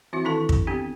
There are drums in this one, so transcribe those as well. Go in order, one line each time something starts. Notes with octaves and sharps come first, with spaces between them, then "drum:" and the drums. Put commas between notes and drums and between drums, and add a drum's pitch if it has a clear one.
E3 C4 E4 F#4 E5
D#3 D4 E4 A4 A5 C#6
drum: kick
B3 C4 D4 G4